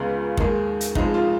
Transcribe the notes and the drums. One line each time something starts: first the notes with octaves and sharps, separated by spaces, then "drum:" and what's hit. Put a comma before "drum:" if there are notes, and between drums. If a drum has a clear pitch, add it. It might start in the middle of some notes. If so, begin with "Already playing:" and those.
Already playing: C#2 C#3 G#3 B3
D#2 D#3 G#3 D#4, drum: kick
drum: hi-hat
F1 F2 F3 G#3 D#4, drum: kick
F4